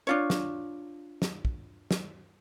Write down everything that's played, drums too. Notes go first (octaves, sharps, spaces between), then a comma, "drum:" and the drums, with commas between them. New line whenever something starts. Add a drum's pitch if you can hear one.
D4 F4 C#5
drum: snare
drum: snare
drum: kick
drum: snare